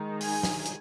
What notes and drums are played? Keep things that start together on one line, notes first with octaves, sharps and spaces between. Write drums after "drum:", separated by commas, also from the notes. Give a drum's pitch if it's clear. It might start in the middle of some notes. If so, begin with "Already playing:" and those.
Already playing: D#3 G#3 D#4
G#5, drum: open hi-hat
drum: snare
drum: hi-hat